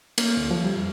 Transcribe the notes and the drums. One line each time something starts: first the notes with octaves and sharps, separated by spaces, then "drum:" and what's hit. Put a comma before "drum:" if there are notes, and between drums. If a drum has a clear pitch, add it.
A#3, drum: cymbal
D2
F3
G3
F2